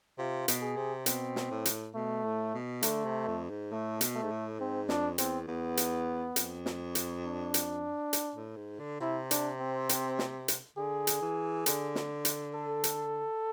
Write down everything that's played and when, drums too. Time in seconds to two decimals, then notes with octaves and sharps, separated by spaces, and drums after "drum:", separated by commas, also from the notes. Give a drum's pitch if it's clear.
0.18 C3 F4
0.48 B2, drum: hi-hat
0.62 G#4
0.77 C3
1.06 B2 C4, drum: hi-hat
1.36 drum: snare
1.51 A2
1.65 drum: hi-hat
1.95 B2 A3
2.24 A2
2.54 B2
2.83 D3 A3, drum: hi-hat
3.05 C3
3.27 F2
3.50 G#2
3.71 A2 A3
4.01 B2, drum: hi-hat
4.15 A3
4.23 G#2
4.31 A2
4.59 G#2 C4
4.89 F2 D4, drum: snare
5.18 E2 C4, drum: hi-hat
5.48 E2 B3
5.77 drum: hi-hat
6.36 F2, drum: hi-hat
6.66 drum: snare
6.95 drum: hi-hat
7.24 D4
7.54 drum: hi-hat
8.13 drum: hi-hat
8.35 A2
8.56 G#2
8.79 D3
9.00 C3 E4
9.31 D4, drum: hi-hat
9.60 C4
9.89 drum: hi-hat
10.19 drum: snare
10.48 drum: hi-hat
10.77 D3 G#4
11.07 drum: hi-hat
11.22 E3
11.66 D3, drum: hi-hat
11.95 drum: snare
12.25 drum: hi-hat
12.54 A4
12.84 drum: hi-hat